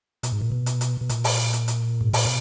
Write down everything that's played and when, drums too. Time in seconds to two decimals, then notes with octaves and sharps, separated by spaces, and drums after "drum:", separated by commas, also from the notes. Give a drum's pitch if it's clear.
0.23 B2, drum: hi-hat
0.32 G#2
0.42 A#2
0.52 B2
0.66 drum: hi-hat
0.81 drum: hi-hat
1.01 B2
1.09 A#2, drum: hi-hat
1.24 drum: open hi-hat
1.53 drum: hi-hat
1.68 drum: hi-hat
2.01 G#2
2.13 A#2, drum: open hi-hat
2.25 B2